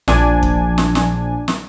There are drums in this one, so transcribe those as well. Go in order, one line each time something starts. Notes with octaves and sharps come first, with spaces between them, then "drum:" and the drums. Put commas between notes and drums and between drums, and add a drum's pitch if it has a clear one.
A#1 D4 G#5, drum: snare
drum: kick
drum: snare
drum: snare
drum: snare